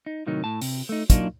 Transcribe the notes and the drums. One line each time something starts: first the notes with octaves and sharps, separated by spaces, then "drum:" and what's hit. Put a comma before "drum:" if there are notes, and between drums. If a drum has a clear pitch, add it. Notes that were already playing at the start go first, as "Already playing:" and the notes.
D#4
A2 C3 D#3 F#3 D#4
A2 A5
C3, drum: open hi-hat
A3 D#4
F#3 A#3 D4 D#4 F4, drum: kick, hi-hat